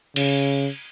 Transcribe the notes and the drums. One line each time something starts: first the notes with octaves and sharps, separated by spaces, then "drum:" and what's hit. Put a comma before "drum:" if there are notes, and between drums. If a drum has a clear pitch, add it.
C#3, drum: cymbal